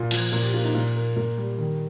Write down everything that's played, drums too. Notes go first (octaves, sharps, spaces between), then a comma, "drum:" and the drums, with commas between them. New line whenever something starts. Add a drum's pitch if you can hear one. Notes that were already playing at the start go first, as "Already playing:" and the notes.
Already playing: A#2 F4
F3 F4, drum: cymbal
A#2 A#4
G4
A#3 F4
D#4
A#2 F4
A#3
A#2 A#4
G3
D#3